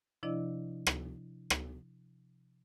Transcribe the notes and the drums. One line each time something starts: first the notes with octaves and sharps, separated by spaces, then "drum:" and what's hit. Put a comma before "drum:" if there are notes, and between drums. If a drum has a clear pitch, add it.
C3 F3 D4 E4 D5 D#5
drum: rim click
drum: rim click